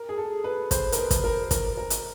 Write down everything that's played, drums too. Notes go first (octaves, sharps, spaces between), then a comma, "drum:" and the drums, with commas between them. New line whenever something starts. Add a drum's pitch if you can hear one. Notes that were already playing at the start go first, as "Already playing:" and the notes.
Already playing: A#4
G#4
A4
B4
C5, drum: kick, hi-hat
A#4, drum: hi-hat
B4
drum: kick, hi-hat
A#4
A#4, drum: kick, hi-hat
A#4
drum: hi-hat